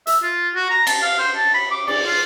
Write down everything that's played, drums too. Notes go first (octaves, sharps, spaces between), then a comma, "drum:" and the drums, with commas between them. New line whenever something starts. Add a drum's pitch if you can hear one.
E5, drum: hi-hat
F4
F#4
A#5
A5, drum: cymbal
F5
C5
A5
B5
D6
D5, drum: cymbal
F4